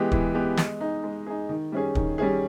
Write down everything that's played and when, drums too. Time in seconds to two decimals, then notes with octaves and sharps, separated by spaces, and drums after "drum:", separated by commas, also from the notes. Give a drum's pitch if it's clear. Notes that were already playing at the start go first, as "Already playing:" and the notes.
Already playing: E3 G#3 B3 G4
0.12 E3, drum: kick
0.34 G#3 B3 G4
0.57 G#3, drum: snare
0.80 D#4 G#4
1.04 G#3
1.27 D#4 G#4
1.49 D#3
1.72 G3 C#4 G#4
1.95 D#3, drum: kick
2.18 G3 C#4 G#4